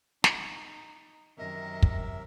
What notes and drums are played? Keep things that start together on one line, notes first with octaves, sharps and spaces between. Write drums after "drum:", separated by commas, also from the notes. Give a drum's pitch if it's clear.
D#4, drum: snare
F#2 C3 D#3 A#4 D#5 E5
drum: kick